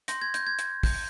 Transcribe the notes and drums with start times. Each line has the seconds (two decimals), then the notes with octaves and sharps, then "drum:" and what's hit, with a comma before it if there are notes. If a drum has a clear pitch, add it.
0.08 C6 G6 A#6, drum: hi-hat
0.22 G#6
0.34 G6, drum: hi-hat
0.47 G#6
0.59 drum: hi-hat
0.83 G6, drum: kick, open hi-hat